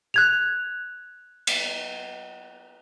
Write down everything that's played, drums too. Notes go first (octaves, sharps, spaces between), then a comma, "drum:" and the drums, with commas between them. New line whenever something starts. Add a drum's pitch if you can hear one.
F#6 G#6 F7
drum: cymbal